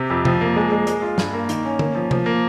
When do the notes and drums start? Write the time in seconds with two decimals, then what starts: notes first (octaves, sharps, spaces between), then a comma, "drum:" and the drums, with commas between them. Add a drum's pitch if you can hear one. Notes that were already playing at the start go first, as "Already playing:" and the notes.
Already playing: C3 G4
0.10 F2
0.25 F3, drum: tom C3
0.41 A#3
0.56 G#3
0.72 G#3
0.87 G#3, drum: hi-hat
1.02 F4
1.18 G2, drum: snare
1.33 A#3
1.49 D#3, drum: hi-hat
1.65 C#4
1.79 A#3, drum: tom D3
1.95 F3
2.11 F3, drum: tom C3
2.26 A#3